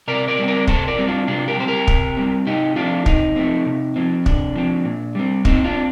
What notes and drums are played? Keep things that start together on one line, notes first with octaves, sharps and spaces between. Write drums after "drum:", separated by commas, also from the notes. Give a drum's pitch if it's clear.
C3 A#4 D5
A#4 D5
G3 C4
A#4 D5
C3 A4 C5, drum: kick
A#4 D5
G3 C4
D4 F4
C3 D4 F4
G4 A#4
G3 C4 C5
G4 A#4
C3, drum: kick
G3 C4
C3 D#4 G4
F3 A3 C4 D4 F4
C3 C4 D#4, drum: kick
F3 A3 C4
C3
F3 C4
C3 D4, drum: kick
F3 C4
A#2
G3 C4
A#2 C4 D#4, drum: kick
D4 F4
C4